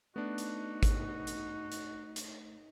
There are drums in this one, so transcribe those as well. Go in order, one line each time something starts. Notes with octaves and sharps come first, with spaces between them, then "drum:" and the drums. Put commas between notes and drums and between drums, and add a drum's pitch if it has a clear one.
A3 B3 D4 D#4 F#4
drum: hi-hat
drum: kick G#1, hi-hat
drum: hi-hat
drum: hi-hat
drum: hi-hat